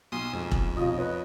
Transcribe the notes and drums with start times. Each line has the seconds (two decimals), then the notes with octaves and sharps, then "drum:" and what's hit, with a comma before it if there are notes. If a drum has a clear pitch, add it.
0.12 B1 C6 D#6
0.33 F2 G#3
0.51 drum: kick E1
0.77 B1 C3 F#3 F4 D#5
0.98 F4 B4 C#5